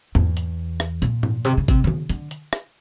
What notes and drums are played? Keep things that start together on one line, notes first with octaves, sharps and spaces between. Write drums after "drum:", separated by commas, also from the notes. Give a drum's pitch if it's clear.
E2, drum: tom G#2
drum: hi-hat
drum: rim click
A#2, drum: hi-hat
drum: tom G#2
C3, drum: hi-hat
C#3
C3, drum: kick G#1, hi-hat
C3
C#3, drum: tom D#3
D3, drum: hi-hat
drum: hi-hat
drum: rim click